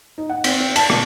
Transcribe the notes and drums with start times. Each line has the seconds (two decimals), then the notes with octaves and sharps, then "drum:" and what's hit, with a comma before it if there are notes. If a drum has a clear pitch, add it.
0.18 D#4
0.29 F#5
0.44 C4, drum: cymbal
0.60 C4
0.76 A5, drum: cymbal
0.90 B2, drum: rim click